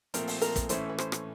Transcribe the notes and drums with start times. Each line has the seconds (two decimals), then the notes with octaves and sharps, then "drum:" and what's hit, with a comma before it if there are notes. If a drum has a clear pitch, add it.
0.14 A#2 F3 A3 C4 A#4, drum: hi-hat
0.27 drum: open hi-hat
0.42 A#4, drum: hi-hat
0.56 drum: kick, hi-hat
0.69 A2 E3 A3 C#4 C5, drum: hi-hat
0.89 B4
0.98 C5, drum: rim click
1.12 drum: rim click